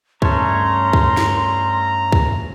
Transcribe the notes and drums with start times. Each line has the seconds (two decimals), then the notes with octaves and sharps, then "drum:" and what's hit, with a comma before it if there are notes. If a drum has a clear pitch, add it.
0.22 G2 A3 C#4 C#5 A5 A#5 C6, drum: kick
0.93 drum: kick
1.17 drum: snare
2.12 drum: kick